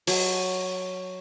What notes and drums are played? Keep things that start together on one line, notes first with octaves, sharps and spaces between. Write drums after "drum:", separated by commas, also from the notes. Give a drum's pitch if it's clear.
F#3, drum: open hi-hat